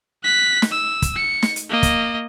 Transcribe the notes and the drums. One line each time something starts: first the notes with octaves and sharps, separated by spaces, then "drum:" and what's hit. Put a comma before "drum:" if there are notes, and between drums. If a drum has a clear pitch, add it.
F#6 B6
drum: snare
E6
drum: kick, hi-hat
C#7
drum: snare
drum: hi-hat
A#3 D#5
drum: kick, hi-hat